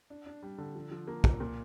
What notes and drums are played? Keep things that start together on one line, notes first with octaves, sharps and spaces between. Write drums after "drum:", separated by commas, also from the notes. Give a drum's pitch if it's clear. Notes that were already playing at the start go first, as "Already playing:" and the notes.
D4
D4
G3
D3
F3
F3
A#3
F3, drum: kick
A#2